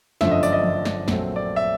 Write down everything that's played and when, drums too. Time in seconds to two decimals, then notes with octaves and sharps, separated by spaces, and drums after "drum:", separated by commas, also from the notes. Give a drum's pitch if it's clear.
0.21 G1 F#2 D3 F3 A3 E5, drum: snare
0.31 D#5
0.43 D5, drum: tambourine
0.53 D#5
0.64 drum: tom E3
0.85 drum: snare
1.08 A#1 A#2 F#3 A3 C4, drum: snare
1.36 D5
1.56 E5